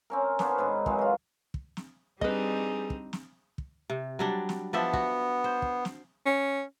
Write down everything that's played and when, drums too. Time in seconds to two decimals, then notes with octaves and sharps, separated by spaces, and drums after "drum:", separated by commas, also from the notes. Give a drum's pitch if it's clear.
0.10 C4 C#4 A#4
0.39 B3 C#4 D4 C5, drum: snare
0.58 G#2 D#3 C4 B4
0.86 E3 F#3 G#3 C4, drum: kick
0.99 F#3 F4
1.54 drum: kick
1.77 drum: snare
2.21 G3 C4 D4 D#4 G#4 B4 D#5, drum: kick
2.90 drum: kick
3.13 drum: snare
3.58 drum: kick
3.90 C3
4.19 F#3 G3 D4
4.49 drum: snare
4.73 F3 B3 D4 E5
4.93 F#4, drum: kick
5.44 C5
5.62 drum: kick
5.85 drum: snare
6.26 C#4